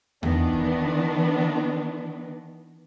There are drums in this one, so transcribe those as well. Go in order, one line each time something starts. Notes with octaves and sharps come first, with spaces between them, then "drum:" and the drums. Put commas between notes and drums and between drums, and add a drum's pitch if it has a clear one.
D#3 E3 B3 D4, drum: tom E2
drum: kick E2